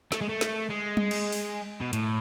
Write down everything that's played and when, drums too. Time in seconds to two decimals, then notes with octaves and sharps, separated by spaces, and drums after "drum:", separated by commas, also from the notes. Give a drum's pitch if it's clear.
0.12 A3, drum: snare
0.21 G#3
0.29 A3
0.41 drum: snare
0.70 G#3
0.97 drum: tom G3
1.11 drum: cymbal
1.32 drum: open hi-hat
1.81 B2
1.93 A2, drum: hi-hat